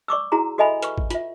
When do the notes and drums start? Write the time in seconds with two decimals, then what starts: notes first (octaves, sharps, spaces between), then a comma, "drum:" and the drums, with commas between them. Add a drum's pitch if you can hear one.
0.08 D5 C#6 D6 E6
0.32 E4 F#4 G#4 A#5
0.58 F#4 A4 D#5 E5 G#5 B5
0.82 B4 C#6, drum: hi-hat
0.98 drum: kick
1.10 F4 E5, drum: hi-hat